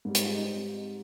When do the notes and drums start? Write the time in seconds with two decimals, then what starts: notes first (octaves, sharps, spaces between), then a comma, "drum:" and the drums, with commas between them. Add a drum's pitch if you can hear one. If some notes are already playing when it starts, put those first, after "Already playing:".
0.05 G#2 G3
0.15 C4 D#4, drum: hi-hat
0.25 F4 G#4
0.35 D#4 G4
0.45 C4